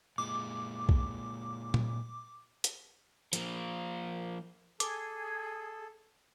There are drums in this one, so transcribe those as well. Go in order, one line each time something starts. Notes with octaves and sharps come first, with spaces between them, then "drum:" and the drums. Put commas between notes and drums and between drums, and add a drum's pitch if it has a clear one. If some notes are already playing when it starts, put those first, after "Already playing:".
A#2 G#3 D6
drum: kick
drum: tom A#2
drum: hi-hat
F3 A#3, drum: hi-hat
G#4 A4 D6, drum: hi-hat